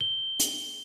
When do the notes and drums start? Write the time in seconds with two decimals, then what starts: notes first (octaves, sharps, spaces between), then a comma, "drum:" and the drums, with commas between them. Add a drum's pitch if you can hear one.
0.01 G7
0.40 drum: hi-hat